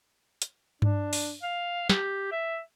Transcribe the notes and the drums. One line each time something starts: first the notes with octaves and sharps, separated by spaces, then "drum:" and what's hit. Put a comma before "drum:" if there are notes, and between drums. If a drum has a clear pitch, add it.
drum: hi-hat
D4, drum: tom G2
drum: open hi-hat
F5
G4, drum: snare
E5